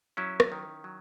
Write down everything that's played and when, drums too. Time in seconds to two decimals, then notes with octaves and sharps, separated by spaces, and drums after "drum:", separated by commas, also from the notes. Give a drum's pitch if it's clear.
0.17 F#3 C#4 E4
0.40 drum: rim click
0.52 D#3
0.84 F#3